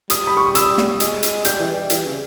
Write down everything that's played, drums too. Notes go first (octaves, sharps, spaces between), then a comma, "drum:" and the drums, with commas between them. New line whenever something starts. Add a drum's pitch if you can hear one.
G3 D#6, drum: hi-hat
B5
C#6
D#6
E6, drum: hi-hat
drum: snare
G#3, drum: hi-hat
drum: hi-hat
G3 G6, drum: hi-hat
E3
G3
E3, drum: hi-hat
C#3